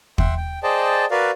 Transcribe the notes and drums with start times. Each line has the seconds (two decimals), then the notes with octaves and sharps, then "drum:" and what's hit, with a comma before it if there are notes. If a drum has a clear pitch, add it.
0.18 E5 F#5 G5 C6, drum: kick
0.37 G5
0.63 G#4 C5 D5 D#5 G5 A5
1.11 F#4 A#4 B4 D5 F5